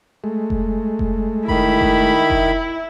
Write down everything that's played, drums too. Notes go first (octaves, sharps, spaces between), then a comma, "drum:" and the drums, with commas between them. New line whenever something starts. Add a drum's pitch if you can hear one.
G#3 A3
drum: kick F1
drum: kick F1
D#3 E4 B5, drum: kick F1
drum: kick F1
drum: kick F1